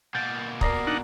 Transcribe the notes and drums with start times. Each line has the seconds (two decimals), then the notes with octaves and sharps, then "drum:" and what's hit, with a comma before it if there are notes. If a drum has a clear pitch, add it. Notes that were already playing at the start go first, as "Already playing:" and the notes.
0.15 B2 A#3 G6 A6
0.61 A#4 D5 A#5 D#6 A#6 C7, drum: kick
0.87 D4 D#4 F#5